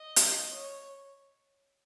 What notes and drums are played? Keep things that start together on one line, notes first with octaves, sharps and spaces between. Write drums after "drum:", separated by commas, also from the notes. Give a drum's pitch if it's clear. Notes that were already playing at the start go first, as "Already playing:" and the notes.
Already playing: D#5
drum: hi-hat
C#5